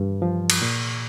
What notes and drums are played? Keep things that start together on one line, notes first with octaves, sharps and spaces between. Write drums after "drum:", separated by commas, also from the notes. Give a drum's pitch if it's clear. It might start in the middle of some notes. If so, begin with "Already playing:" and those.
Already playing: G2
F3
drum: cymbal
A#2